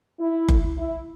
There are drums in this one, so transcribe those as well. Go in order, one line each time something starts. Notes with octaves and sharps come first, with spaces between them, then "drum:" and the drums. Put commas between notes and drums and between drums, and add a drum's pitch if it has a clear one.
E4
drum: kick F#1
E4